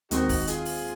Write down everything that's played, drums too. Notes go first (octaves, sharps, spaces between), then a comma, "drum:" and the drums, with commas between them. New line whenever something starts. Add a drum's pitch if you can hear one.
D#2 D#3 G#3 C4 D#4 F#4, drum: hi-hat
drum: kick, open hi-hat
F4 G#4, drum: hi-hat
drum: open hi-hat